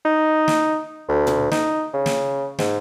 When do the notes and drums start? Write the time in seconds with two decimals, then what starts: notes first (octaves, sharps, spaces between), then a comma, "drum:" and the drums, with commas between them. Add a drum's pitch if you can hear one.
0.05 D#4
0.48 drum: snare
1.09 D2
1.27 drum: tom A#2
1.51 D#4, drum: snare
1.94 C#3
2.06 drum: snare
2.59 G#2, drum: snare